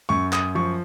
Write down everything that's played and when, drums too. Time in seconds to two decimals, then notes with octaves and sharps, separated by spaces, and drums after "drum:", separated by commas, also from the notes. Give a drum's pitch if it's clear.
0.09 F#2 C#6
0.33 D#6, drum: clap
0.55 F3 C#6